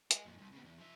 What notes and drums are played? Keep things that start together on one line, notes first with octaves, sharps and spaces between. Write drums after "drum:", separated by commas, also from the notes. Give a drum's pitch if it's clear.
D#5 G#5, drum: hi-hat
F2 A#2
C2
C#3 B3
E2
F3 E5